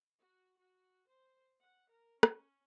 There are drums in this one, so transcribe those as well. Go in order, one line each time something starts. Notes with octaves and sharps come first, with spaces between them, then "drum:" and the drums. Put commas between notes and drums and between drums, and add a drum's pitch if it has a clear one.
F#4
F#4
C5
F#5
A#4
C#4, drum: rim click